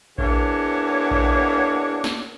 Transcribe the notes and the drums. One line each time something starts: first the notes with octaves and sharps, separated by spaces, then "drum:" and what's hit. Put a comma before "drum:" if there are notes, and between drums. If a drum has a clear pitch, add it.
E2 A#3 D4 C#5, drum: kick A#1
drum: kick A#1
drum: snare